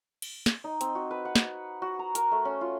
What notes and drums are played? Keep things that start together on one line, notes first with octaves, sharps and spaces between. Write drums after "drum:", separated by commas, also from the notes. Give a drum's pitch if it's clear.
drum: cymbal
drum: snare
D#4
C4, drum: hi-hat
F#4
B4
F#5
drum: snare
F#4
A#5
A#4, drum: hi-hat
A3
C#4
F4